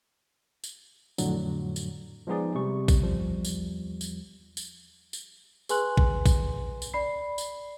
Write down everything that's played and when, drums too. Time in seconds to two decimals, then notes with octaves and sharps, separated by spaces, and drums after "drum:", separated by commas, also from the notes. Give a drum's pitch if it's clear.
0.64 drum: tambourine
1.18 F2 A2 D3 F#3, drum: tambourine
1.76 drum: tambourine
2.27 F3 G#3 B3 D#4 G#4 D5
2.55 C3 G3 C#6
2.88 drum: kick A#1, tambourine
3.03 E2 F3 G3
3.45 drum: tambourine
4.01 drum: tambourine
4.57 drum: tambourine
5.13 drum: tambourine
5.69 G#4 B4 G#5 C6 F#6 F#7, drum: tambourine
5.97 drum: kick A#1
6.26 drum: kick A#1, tambourine
6.82 drum: tambourine
6.94 D5 B5 C7
7.38 drum: tambourine